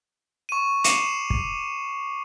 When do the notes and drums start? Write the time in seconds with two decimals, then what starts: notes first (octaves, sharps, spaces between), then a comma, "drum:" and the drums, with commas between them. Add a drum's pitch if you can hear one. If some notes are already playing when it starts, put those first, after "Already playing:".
0.49 C#6 D#7
0.84 D6 C7 C#7 D#7 E7 F#7, drum: hi-hat
1.30 drum: kick